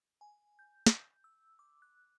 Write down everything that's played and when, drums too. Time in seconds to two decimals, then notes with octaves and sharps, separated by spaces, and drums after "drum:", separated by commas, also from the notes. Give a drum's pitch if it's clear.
0.21 G#5
0.59 G6
0.86 drum: snare
1.24 E6
1.59 D6
1.82 F#6